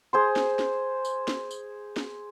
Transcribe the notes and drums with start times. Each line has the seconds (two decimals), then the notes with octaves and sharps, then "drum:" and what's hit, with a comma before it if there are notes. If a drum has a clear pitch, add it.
0.13 G#4 C5 C6
0.36 drum: snare
0.59 drum: snare
1.05 drum: tambourine
1.28 drum: snare
1.51 drum: tambourine
1.96 drum: snare